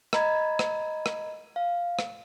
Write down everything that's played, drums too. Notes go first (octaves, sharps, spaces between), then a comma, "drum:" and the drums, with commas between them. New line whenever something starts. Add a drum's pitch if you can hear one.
D#5 A#5 B5 G#6, drum: rim click
drum: rim click
drum: rim click
F5
drum: rim click